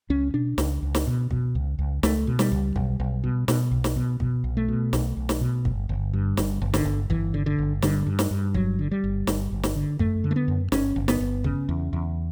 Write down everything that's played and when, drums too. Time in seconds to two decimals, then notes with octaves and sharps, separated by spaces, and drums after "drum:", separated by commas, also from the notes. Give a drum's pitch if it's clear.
0.10 C#2 C#4
0.34 B2 D4
0.58 C#2, drum: snare
0.82 C#2
0.95 drum: snare
1.07 B2
1.31 B2, drum: kick
1.55 C#2
1.79 C#2
2.03 C#2 A3, drum: snare
2.27 B2
2.39 G3, drum: snare
2.52 C#2
2.76 B1, drum: kick
3.00 B1
3.24 B2
3.48 B2, drum: snare
3.72 B1
3.84 drum: snare
3.96 B2
4.20 B2, drum: kick
4.44 B1
4.57 A3
4.68 B2
4.93 B1, drum: snare
5.17 B1
5.29 drum: snare
5.41 B2
5.65 G1, drum: kick
5.89 G1
6.13 G2
6.37 G1, drum: snare
6.62 G1
6.74 D3, drum: snare
6.85 G1
7.10 G1 E3, drum: kick
7.34 D3
7.46 D3
7.58 G1
7.82 G2 D3, drum: snare
8.06 G2
8.19 drum: snare
8.31 G2
8.54 G1 F#3, drum: kick
8.79 D3
8.91 G3
9.04 G1
9.27 G1, drum: snare
9.51 G1
9.63 drum: snare
9.76 D3
9.99 F#2 A3, drum: kick
10.24 D3
10.31 A3
10.36 B3
10.48 F#2
10.72 G1 C#4, drum: snare
10.96 G1
11.08 B3, drum: snare
11.21 G1
11.44 C#3, drum: kick
11.69 E2
11.93 E2